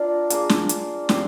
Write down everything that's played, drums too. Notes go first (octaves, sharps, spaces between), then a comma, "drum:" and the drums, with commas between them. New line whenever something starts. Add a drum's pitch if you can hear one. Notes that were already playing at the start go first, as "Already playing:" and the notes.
Already playing: D4 F4 A#4 D5
A#3 D4 G#4, drum: hi-hat
drum: snare
drum: hi-hat
C4 G4 C5, drum: snare